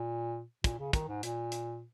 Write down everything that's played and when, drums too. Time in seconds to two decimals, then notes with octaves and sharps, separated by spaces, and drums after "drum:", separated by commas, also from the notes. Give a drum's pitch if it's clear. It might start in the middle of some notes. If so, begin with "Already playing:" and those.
Already playing: A#2
0.64 A#2, drum: kick, hi-hat
0.79 C#3
0.93 D#3, drum: kick, hi-hat
1.08 G#2
1.23 A#2, drum: hi-hat
1.52 drum: hi-hat